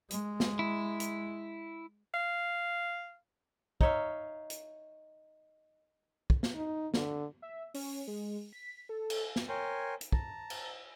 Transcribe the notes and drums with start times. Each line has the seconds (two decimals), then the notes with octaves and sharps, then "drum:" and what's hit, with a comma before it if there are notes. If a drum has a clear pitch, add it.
0.10 G#3, drum: hi-hat
0.40 drum: snare
0.59 E4
1.00 drum: hi-hat
2.14 F5
3.81 D#4 C#5 E5 F5, drum: kick
4.50 drum: hi-hat
6.30 drum: kick
6.43 drum: snare
6.55 D#4
6.94 D3, drum: snare
7.42 E5
7.74 C#4, drum: open hi-hat
8.08 G#3
8.53 B6
8.89 A4
9.10 drum: cymbal
9.36 drum: snare
9.49 A#4 C#5 G5 G#5 C6
10.01 drum: hi-hat
10.12 A5 A#5, drum: kick
10.50 drum: cymbal